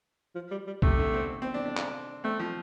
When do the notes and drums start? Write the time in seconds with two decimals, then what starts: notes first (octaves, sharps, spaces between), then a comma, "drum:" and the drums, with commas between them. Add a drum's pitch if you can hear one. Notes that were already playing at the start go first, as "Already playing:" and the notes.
0.35 F3
0.51 G3
0.67 G3
0.82 C3 A3, drum: kick B1
0.99 D3
1.14 C4
1.42 C4
1.54 D4
1.66 D4
1.77 drum: clap
2.24 A3 C4
2.40 F3